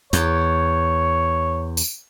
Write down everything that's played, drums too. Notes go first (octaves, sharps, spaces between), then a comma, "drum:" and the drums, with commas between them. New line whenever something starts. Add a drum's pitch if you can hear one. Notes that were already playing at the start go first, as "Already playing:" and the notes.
E2 C#5, drum: hi-hat
drum: tambourine